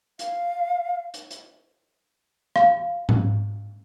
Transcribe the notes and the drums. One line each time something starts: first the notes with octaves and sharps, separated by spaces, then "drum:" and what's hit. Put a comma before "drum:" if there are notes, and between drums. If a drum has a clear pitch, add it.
F5, drum: hi-hat
drum: hi-hat
drum: hi-hat
F5, drum: rim click
drum: tom G#2